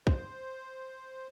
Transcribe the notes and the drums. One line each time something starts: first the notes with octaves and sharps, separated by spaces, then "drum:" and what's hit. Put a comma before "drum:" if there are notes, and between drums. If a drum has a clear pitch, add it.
C5, drum: kick